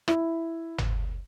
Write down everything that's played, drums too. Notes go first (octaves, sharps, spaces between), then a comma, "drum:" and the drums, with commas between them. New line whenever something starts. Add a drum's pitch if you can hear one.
E4, drum: rim click
drum: tom